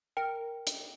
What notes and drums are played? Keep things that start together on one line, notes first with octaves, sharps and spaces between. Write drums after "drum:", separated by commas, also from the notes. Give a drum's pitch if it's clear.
A#4 G5
drum: hi-hat